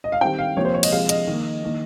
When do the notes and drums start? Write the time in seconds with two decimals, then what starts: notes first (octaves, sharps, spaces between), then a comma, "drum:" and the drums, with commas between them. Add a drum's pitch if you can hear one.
0.04 D#5
0.12 F5
0.21 D#3 G3 C4 G5
0.38 F5
0.57 C3 F3 A#3 C#5
0.65 C5
0.74 C#5
0.83 D#5, drum: cymbal
0.92 C3 F3 G#3 F5
1.09 D#5, drum: hi-hat
1.27 D#3 A#3
1.63 D#3 A#3